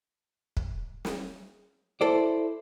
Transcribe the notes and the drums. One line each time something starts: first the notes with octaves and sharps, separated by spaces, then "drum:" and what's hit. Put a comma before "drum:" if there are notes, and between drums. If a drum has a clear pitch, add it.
drum: kick
drum: snare
E4 A4 C5 D5